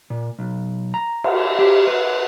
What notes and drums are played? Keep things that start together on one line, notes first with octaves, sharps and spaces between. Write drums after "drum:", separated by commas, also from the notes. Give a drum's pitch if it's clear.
A#2
B1
A#5
drum: cymbal
G4
B4